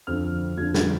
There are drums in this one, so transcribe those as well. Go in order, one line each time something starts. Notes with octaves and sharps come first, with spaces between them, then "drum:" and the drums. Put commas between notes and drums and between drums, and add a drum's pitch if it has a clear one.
F2 D3 F3 F6
F2 D3 F3 G#6
A6, drum: snare